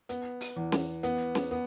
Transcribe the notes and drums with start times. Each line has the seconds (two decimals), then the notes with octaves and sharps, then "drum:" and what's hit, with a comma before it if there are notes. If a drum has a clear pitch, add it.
0.09 B3, drum: hi-hat
0.41 drum: open hi-hat
0.56 E2
0.72 drum: snare
1.03 B3, drum: hi-hat
1.35 drum: snare
1.51 B3